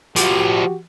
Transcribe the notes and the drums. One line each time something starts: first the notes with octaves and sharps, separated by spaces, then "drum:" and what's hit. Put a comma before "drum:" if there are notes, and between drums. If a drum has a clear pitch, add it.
F3 F#4 G4 D5, drum: hi-hat